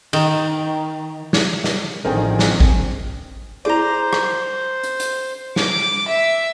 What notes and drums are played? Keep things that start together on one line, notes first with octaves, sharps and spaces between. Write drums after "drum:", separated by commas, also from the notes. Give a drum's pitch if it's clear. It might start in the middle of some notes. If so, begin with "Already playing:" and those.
D#3, drum: cymbal
drum: snare
drum: snare
A1 D3 D#3 F3 C4 G#4 A#4 G5
drum: snare
drum: kick
E4 G#4 C5 D5 A#5 D6
drum: rim click
drum: hi-hat
drum: hi-hat
D6, drum: snare
E5